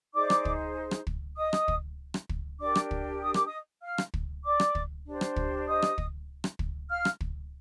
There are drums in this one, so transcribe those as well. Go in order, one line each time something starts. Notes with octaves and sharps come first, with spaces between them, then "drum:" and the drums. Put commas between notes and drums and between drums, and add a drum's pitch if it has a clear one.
D#4 G#4 C5 D5 D6
drum: rim click
drum: kick
drum: rim click
drum: kick
D#5 D#6
drum: rim click
drum: kick
drum: rim click
drum: kick
D4 G4 A#4 D5 D6
drum: rim click
drum: kick
D#6
D6, drum: rim click
D#5 D#6
F5 F6
drum: rim click
drum: kick
D5 D6
drum: rim click
drum: kick
D4 G4 C5
drum: rim click
drum: kick
D#5 D#6
drum: rim click
drum: kick
drum: rim click
drum: kick
F5 F6
drum: rim click
drum: kick